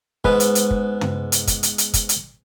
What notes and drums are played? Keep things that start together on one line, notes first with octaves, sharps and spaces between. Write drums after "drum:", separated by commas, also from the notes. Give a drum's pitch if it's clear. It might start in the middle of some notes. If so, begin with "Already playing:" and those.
G#2 G#3 B3 B4, drum: kick
drum: hi-hat
drum: hi-hat
drum: kick
drum: tom
drum: hi-hat
drum: kick, hi-hat
drum: hi-hat
drum: hi-hat
drum: kick, hi-hat
drum: hi-hat